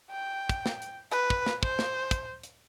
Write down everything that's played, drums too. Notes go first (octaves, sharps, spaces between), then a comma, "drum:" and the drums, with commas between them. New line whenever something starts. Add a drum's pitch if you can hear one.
G5
drum: kick, hi-hat
drum: snare
drum: hi-hat
B4, drum: hi-hat
drum: kick
drum: snare
C5, drum: kick
drum: snare
drum: kick, hi-hat
drum: hi-hat